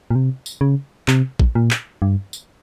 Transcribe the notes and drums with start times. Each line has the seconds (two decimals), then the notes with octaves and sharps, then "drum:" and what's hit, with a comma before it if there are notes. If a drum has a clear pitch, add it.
0.11 A#2
0.15 C3
0.46 drum: tambourine
0.61 C#3
1.08 C3, drum: clap
1.40 drum: kick
1.55 A#2
1.71 drum: clap
2.02 G2
2.33 drum: tambourine